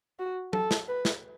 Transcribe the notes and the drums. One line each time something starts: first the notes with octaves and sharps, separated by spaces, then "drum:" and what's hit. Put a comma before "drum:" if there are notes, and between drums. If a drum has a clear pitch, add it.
F#4
A4, drum: tom F#3
drum: snare
B4
drum: snare